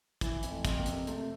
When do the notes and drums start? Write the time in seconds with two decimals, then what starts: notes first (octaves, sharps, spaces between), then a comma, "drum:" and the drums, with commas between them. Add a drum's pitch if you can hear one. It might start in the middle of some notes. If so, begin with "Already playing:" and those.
0.21 E3 E4, drum: kick, hi-hat
0.43 F2, drum: hi-hat
0.51 A3
0.65 F2, drum: kick, hi-hat
0.79 A#3
0.86 C3, drum: hi-hat
1.07 A3 C4, drum: hi-hat